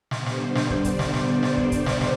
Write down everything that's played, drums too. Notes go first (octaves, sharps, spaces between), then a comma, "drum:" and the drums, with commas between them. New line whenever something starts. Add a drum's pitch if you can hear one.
D3 G3 B3 D4 C5, drum: snare
drum: snare
D5, drum: snare
drum: kick
drum: kick, hi-hat
drum: snare
drum: snare
drum: snare
drum: kick
drum: kick, hi-hat
drum: snare
drum: snare